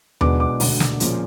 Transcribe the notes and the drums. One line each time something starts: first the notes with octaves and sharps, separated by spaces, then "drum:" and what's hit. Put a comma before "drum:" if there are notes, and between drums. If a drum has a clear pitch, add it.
B1 B2 G#3 B3 D4 D6, drum: tom D#2
D6
E1 D2 D3, drum: open hi-hat
drum: snare
A#2 F3 G#3 C#4, drum: hi-hat